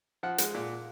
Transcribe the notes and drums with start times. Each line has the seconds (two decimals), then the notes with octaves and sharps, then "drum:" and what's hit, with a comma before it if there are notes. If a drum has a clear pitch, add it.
0.23 F3 F#5
0.38 G#3, drum: hi-hat
0.54 A#2